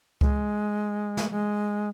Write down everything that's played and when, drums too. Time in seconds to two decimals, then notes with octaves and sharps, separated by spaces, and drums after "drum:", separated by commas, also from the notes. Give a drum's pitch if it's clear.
0.21 G#3, drum: kick C#2
1.17 drum: snare
1.31 G#3